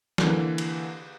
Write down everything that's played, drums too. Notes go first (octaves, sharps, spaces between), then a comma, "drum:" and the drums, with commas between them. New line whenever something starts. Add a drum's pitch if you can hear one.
D3 E3 A#3, drum: snare
drum: cymbal